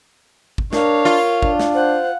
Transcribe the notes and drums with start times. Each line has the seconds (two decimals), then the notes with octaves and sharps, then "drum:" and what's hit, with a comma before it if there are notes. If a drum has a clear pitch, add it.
0.58 drum: kick
0.73 D4 A#4 C#5 F5, drum: snare
1.05 F4
1.42 D4, drum: kick
1.60 drum: snare
1.74 C5 F#5